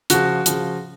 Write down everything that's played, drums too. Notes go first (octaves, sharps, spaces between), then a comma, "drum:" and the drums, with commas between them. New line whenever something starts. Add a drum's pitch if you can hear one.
C#3 F3 F#4, drum: hi-hat
C#3 F3, drum: hi-hat